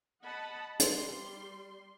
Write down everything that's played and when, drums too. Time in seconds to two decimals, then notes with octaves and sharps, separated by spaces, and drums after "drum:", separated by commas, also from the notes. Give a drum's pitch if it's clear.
0.23 D#5 F#5 A5 B5
0.80 G3 C6, drum: hi-hat